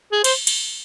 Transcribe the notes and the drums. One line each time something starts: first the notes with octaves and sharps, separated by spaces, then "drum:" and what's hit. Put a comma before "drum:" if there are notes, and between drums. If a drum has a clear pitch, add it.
G#4
C5, drum: cymbal
drum: cymbal